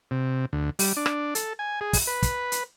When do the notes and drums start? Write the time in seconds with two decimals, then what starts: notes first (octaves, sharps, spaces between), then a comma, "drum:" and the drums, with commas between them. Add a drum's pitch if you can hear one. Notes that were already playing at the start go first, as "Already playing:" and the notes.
0.11 C3
0.53 D2
0.79 G3, drum: open hi-hat
0.97 D4
1.06 drum: rim click
1.35 A4, drum: hi-hat
1.59 G#5
1.81 G#4
1.93 drum: kick, open hi-hat
2.07 B4
2.23 drum: kick, hi-hat
2.52 drum: hi-hat